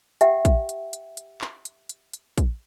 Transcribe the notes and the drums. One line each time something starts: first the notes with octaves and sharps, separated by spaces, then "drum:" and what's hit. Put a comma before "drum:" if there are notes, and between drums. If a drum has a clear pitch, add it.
G4 E5 F#5 G5, drum: hi-hat
drum: kick, hi-hat
drum: hi-hat
drum: hi-hat
drum: hi-hat
drum: clap
drum: hi-hat
drum: hi-hat
drum: hi-hat
drum: kick, hi-hat